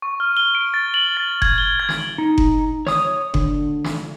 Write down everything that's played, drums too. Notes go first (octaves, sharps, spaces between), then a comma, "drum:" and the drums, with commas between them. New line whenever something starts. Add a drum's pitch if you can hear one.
C#6
F6
G7
D7
A6
F#7
A6
G#6, drum: kick F#1
G7
G#6
drum: snare
D#4
drum: kick F#1
C#5 D#6, drum: snare
D3, drum: kick F#1
drum: snare